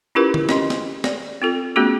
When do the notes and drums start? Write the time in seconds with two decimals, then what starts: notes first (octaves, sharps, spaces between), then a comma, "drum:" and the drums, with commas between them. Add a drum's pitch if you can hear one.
0.15 C#4 E4 F4 G4 A#4 B4
0.34 drum: tom D3
0.49 C#4 D#5 C6, drum: snare
0.70 drum: snare
1.04 D5, drum: snare
1.42 C4 F4 A4
1.76 A3 B3 C#4 F#4 G#4